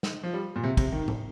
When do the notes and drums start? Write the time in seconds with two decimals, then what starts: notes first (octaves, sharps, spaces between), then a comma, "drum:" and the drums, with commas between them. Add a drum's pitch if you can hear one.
0.03 drum: snare
0.23 F3
0.33 G3
0.56 A#2
0.64 C3
0.77 C3, drum: kick, cymbal
0.92 D#3
1.08 drum: tom A2